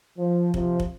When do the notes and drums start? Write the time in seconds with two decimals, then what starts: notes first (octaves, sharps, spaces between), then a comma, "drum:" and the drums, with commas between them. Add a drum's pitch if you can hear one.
0.17 F3
0.54 C3 F3, drum: kick
0.80 drum: kick